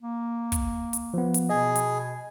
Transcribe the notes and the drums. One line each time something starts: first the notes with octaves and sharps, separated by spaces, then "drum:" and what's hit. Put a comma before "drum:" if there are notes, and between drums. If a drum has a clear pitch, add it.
A#3
drum: kick, hi-hat
drum: hi-hat
F3 B3
drum: hi-hat
B2 G#4 D#5
drum: hi-hat